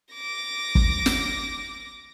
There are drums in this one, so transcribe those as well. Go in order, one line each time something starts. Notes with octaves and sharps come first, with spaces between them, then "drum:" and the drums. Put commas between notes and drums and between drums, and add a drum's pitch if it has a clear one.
D6 A#6
drum: kick
drum: snare